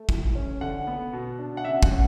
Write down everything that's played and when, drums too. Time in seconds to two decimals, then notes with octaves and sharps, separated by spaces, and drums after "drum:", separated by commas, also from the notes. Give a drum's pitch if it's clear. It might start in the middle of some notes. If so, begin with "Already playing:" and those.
Already playing: A3
0.09 E3, drum: kick
0.35 C#4
0.61 D3 F#5
0.87 B3
1.13 B2
1.39 D4
1.57 F#5
1.65 C#3 E5
1.83 F#5, drum: kick
1.92 C#4